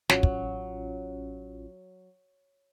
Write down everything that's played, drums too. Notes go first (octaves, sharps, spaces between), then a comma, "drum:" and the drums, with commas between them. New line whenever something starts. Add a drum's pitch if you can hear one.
A1 F#3 C#4 F4, drum: snare
drum: kick